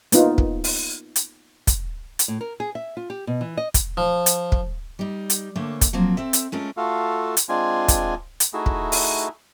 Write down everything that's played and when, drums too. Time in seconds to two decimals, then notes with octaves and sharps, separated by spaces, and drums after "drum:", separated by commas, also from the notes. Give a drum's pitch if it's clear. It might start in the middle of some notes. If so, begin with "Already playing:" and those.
0.12 A#3 B3 D#4 F4, drum: hi-hat
0.38 drum: kick
0.64 drum: open hi-hat
1.16 drum: hi-hat
1.67 drum: kick, hi-hat
2.19 drum: hi-hat
2.28 A2
2.41 A#4
2.60 G#4
2.75 E5
2.97 F4
3.10 G4
3.27 B2
3.41 E3
3.57 D#5
3.74 drum: kick, hi-hat
3.97 F3
4.26 drum: hi-hat
4.52 drum: kick
4.99 G3 D#4
5.30 drum: hi-hat
5.55 D2 D3 A3 A#3 A4 C#5
5.81 drum: kick, hi-hat
5.93 F3 F#3 A#3 C4
6.17 C4 A4 E5
6.33 drum: hi-hat
6.52 G#3 A3 C#4 F4 A4 A#4
6.77 A3 F4 F#4 A4 F5
7.37 drum: hi-hat
7.49 G#3 C4 D4 F4 G#5
7.88 drum: kick, hi-hat
8.40 drum: hi-hat
8.53 A3 D#4 E4 F#4 G#4
8.66 drum: kick
8.92 drum: open hi-hat